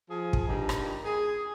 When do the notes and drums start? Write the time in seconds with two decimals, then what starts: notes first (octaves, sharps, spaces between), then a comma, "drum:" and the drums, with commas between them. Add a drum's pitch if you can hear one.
0.10 F3 G#4
0.33 drum: kick
0.47 G2 A#2 D#3 G4 A#5
0.69 drum: rim click
1.05 G#4